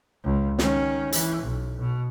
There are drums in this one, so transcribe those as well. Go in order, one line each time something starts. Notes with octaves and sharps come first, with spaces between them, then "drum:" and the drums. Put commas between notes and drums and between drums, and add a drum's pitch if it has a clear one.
C#2
D#3 C#4, drum: snare
E3, drum: hi-hat
B1
B2